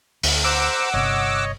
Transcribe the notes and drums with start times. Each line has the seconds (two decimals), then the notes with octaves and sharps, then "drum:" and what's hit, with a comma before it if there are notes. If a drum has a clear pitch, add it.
0.23 D2, drum: open hi-hat
0.44 C5 F#5 A#5 D6 E6
0.94 G1 C3 C#5 D#5